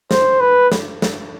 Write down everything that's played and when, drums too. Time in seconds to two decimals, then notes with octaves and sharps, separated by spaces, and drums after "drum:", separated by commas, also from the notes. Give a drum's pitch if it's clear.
0.11 C5, drum: snare
0.40 B4
0.72 drum: snare
1.02 drum: snare